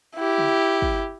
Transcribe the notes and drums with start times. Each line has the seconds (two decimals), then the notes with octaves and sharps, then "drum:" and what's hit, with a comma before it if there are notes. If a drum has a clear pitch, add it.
0.16 E4 G4
0.38 drum: tom C#3
0.82 drum: kick